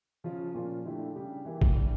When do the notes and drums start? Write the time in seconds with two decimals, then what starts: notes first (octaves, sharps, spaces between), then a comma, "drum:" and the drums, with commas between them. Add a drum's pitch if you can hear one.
0.24 C#3 F3 C#4 F4
0.54 A#2 F3 C#4 F4
0.85 D3 A3 E4 G4
1.15 C#3 G3 D4 G4
1.45 E3 A#3 E4 G4
1.62 drum: kick A1
1.75 E3 G3 D4